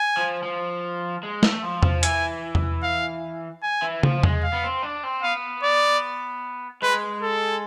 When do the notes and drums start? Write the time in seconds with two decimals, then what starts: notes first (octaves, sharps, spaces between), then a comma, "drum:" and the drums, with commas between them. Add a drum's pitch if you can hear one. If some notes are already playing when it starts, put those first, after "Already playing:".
Already playing: G#5
0.17 F3
0.43 F3
1.23 G#3
1.43 A3, drum: snare
1.63 F3
1.83 F3, drum: tom E2
2.03 E3 G#5, drum: hi-hat
2.55 drum: tom E2
2.82 F5
3.62 G#5
3.82 E3
4.03 F3, drum: tom
4.23 G#3, drum: tom E2
4.43 F5
4.53 B3
4.63 C4
4.83 D4
5.03 C4
5.22 B3 F5
5.63 D5
6.82 G#3 B4
7.22 A4